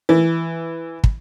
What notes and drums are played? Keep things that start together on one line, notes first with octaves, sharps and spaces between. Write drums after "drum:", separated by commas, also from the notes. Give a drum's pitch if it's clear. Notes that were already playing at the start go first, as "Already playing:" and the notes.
E3
drum: kick